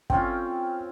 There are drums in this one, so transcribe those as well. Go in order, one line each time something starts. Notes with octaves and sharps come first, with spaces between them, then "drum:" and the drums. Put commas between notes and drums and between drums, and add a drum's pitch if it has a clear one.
C4 C#4 F4 G5, drum: kick